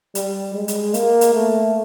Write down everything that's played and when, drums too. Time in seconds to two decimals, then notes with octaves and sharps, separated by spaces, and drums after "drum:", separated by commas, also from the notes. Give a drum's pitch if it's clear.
0.15 G3, drum: hi-hat
0.54 G#3
0.68 drum: hi-hat
0.94 A#3, drum: hi-hat
1.21 drum: hi-hat
1.34 A3